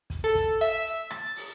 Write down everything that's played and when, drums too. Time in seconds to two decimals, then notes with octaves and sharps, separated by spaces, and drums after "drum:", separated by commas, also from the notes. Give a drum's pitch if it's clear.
0.10 drum: kick, hi-hat
0.24 A4
0.35 drum: kick, hi-hat
0.61 E5, drum: hi-hat
0.85 drum: hi-hat
1.11 A6, drum: rim click
1.36 drum: open hi-hat